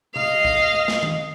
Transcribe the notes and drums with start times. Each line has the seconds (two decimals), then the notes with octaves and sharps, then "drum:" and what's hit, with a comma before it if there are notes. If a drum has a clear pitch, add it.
0.16 D#5 F5, drum: tom C3
0.45 drum: kick
0.88 drum: snare
1.03 drum: tom D#3